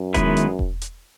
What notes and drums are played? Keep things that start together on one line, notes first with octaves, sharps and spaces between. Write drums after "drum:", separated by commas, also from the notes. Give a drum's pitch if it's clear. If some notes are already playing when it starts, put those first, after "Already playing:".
Already playing: F#2
D#3 G#3 B3 E4 B4, drum: kick E1, hi-hat
drum: hi-hat
drum: kick E1
drum: hi-hat